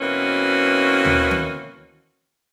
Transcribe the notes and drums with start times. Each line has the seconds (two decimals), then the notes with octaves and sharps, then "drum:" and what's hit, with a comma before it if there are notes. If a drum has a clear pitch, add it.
0.01 B2 E3 A#3 C4 C#4 F#4
1.05 drum: tom D#2
1.31 drum: tom D#3